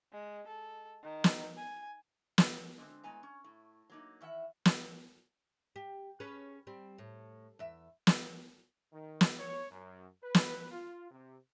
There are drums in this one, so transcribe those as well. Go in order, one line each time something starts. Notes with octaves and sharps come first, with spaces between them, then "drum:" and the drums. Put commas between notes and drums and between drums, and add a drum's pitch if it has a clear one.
G#3
A4
D#3
drum: snare
G#5
drum: snare
D3 G#3 C4
A2 G#3 B3 G#5 A#5
C#4
A2
F#3 A#3 D#4
D#3 E3 E5 F#5
drum: snare
G4
C#4 G#4 B4
G3 C4
A2
E2 E5
drum: snare
D#3
drum: snare
C#5
F#2
B4
drum: snare
F4
C3